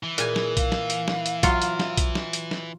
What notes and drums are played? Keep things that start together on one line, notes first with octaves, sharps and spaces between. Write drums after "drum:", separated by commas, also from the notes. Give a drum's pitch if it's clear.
E3
A#2 G#4 G#5, drum: hi-hat
drum: snare
F5, drum: kick B1, hi-hat
drum: snare
drum: hi-hat
drum: snare
drum: hi-hat
F#3 F4, drum: kick B1, hi-hat
drum: hi-hat
drum: snare
drum: kick B1, hi-hat
drum: snare
drum: hi-hat
drum: snare